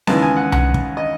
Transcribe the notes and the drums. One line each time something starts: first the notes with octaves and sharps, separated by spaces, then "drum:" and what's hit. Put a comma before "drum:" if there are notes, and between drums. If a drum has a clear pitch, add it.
D#2 C#3 E3 G#3 B3 A5, drum: snare C4
G#5
F#5
F#5, drum: tom C2
drum: kick
D#5